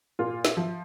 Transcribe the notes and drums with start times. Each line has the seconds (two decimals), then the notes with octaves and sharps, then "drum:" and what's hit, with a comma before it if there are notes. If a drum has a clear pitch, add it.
0.19 A#2 F4
0.45 E5, drum: snare
0.57 F3